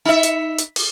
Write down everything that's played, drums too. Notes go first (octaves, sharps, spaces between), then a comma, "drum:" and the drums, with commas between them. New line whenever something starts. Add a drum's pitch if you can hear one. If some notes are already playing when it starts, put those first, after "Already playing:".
D#4 E5
drum: hi-hat
drum: hi-hat
drum: open hi-hat